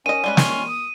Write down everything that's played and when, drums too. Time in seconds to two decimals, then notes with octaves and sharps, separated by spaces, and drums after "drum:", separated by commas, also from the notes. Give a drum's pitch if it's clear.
0.06 D#3 C#4 D#5 D#7
0.24 G3 G#3 B4
0.37 C6 C#6 F6, drum: snare
0.69 D#6